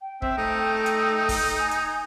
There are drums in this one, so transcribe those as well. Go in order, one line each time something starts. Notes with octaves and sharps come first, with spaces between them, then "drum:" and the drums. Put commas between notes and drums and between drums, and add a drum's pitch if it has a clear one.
G5
C4 E5, drum: kick
A3 D#4
drum: hi-hat
drum: kick, open hi-hat
G#5
drum: hi-hat